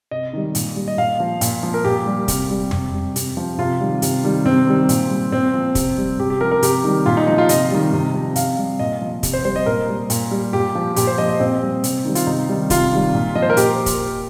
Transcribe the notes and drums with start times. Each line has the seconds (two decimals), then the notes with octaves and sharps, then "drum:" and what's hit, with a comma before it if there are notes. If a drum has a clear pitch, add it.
0.11 C3 D#5
0.33 D#3 G3
0.55 A#2, drum: hi-hat
0.76 G3
0.88 D#5
0.98 A#2 F5
1.20 F3
1.41 A#2, drum: hi-hat
1.63 F3
1.74 A#4
1.85 A#2 G4
2.06 G3
2.28 C3, drum: kick, hi-hat
2.50 G3
2.71 C3, drum: tom F2
2.94 G3
3.16 C3, drum: hi-hat
3.37 F3
3.58 C3 F4
3.80 D#3 G3
4.02 C3, drum: hi-hat
4.24 D#3 G3
4.45 C3 C4
4.67 D#3 G3
4.89 A#2, drum: hi-hat
5.10 G3
5.32 A#2 C4
5.54 F3
5.75 C3, drum: kick, hi-hat
5.98 G3
6.19 C3 G4
6.30 G4
6.41 F3 A#4
6.51 A#4
6.63 C3 G4, drum: hi-hat
6.84 D#3 G3
7.06 A#2 F4
7.17 D#4
7.27 F3 D#4
7.38 F4
7.49 C3 D#5, drum: hi-hat
7.71 D#3 G3
7.93 C3
8.14 F3
8.36 C3 F5, drum: hi-hat
8.58 G3
8.79 A#2 D#5
9.01 F3
9.23 C3, drum: kick, hi-hat
9.33 C5
9.45 G3 C5
9.56 D#5
9.66 A#2 A#4
9.88 G3
10.10 A#2, drum: hi-hat
10.31 G3
10.53 A#2 G4
10.75 F3
10.96 A#2 G4, drum: hi-hat
11.07 C5
11.18 F3 D#5
11.29 D#5
11.40 A#2 C4
11.62 G3
11.84 C3, drum: hi-hat
12.05 D#3 G3
12.15 F4, drum: hi-hat
12.26 C3 D#4
12.49 D#3 G3
12.70 C3 F4, drum: kick, hi-hat
12.92 D#3 G3
13.14 A#2
13.35 F3 D#5
13.42 C5
13.50 A#4
13.57 A#2 G4, drum: hi-hat
13.86 drum: kick, hi-hat